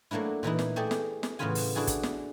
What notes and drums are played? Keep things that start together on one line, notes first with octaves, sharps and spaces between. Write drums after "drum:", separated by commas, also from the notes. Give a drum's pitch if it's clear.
F#3 A3 A#3 D4 E4
A#2 E3 D#4 E4
drum: snare
A3 G4 G#4 D5
drum: snare
drum: snare
A2 C#3 E3 B3 F4 G#5
drum: open hi-hat
D4 E4 F#4 G#4 A4
drum: kick, hi-hat
drum: snare